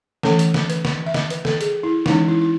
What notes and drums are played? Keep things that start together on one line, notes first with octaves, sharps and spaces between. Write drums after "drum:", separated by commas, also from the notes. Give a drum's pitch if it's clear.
E3 A3 C#4 A4, drum: snare
drum: hi-hat
drum: snare
B4, drum: hi-hat
drum: snare
E5
D#5, drum: snare
B4, drum: hi-hat
A4, drum: snare
G#4, drum: hi-hat
E4
E3 G#3 C#4 D#4, drum: snare
E4
E4